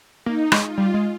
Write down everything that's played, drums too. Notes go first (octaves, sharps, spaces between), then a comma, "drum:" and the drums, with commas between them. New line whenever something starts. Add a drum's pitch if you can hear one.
A#3 D#4
G#3, drum: rim click
F4
G3
G#3